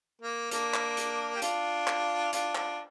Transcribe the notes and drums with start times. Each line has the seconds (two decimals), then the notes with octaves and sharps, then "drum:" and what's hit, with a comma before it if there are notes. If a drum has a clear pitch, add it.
0.22 A#3
0.51 A#3 D4, drum: hi-hat
0.74 drum: clap
0.97 drum: hi-hat
1.36 G4
1.42 D4 F4, drum: hi-hat
1.87 drum: clap
2.33 D4 F4, drum: hi-hat
2.55 D4 F4, drum: clap